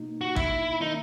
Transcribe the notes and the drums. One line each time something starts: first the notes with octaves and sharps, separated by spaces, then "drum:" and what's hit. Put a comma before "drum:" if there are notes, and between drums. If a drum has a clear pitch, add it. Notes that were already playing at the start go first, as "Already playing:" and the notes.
Already playing: B2 A#3 D#4
F#4
E4, drum: kick A1
D#3 A#3 D#4 E4